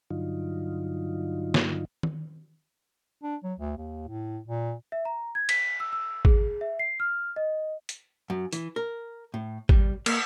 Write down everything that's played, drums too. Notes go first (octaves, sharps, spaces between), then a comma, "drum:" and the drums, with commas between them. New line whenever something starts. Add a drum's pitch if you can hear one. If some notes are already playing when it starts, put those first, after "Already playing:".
G2 D3 F#3 D#4 F4
drum: snare
drum: tom D#3
D4
F#3
D2
D#2
A2
A#2
E5
A#5
G#6
B6, drum: cymbal
E6
E6
G#4, drum: kick G#1
E5
C7
F6
D#5
drum: hi-hat
F#2
E3, drum: hi-hat
A#4
A2
G3, drum: kick G#1
A#3, drum: cymbal